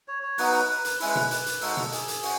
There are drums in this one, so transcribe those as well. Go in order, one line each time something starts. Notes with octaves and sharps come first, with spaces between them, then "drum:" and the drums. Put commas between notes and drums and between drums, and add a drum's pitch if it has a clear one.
C#5
C#5
F#3 B3 D#4 F#4 B4, drum: open hi-hat
B4
drum: hi-hat
G#3 C#4 E4 B4, drum: open hi-hat
drum: tom B2
B4, drum: hi-hat
drum: hi-hat
G#3 D#4 F#4 A4, drum: open hi-hat
drum: tom B2
G#4, drum: hi-hat
drum: hi-hat
C#4 F#4, drum: open hi-hat